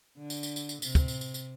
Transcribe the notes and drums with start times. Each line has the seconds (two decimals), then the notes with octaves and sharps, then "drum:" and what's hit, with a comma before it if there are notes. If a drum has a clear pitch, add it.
0.18 D3
0.30 drum: tambourine
0.43 drum: tambourine
0.56 drum: tambourine
0.69 drum: tambourine
0.82 C3, drum: tambourine
0.95 drum: kick, tambourine
1.08 drum: tambourine
1.21 drum: tambourine
1.34 drum: tambourine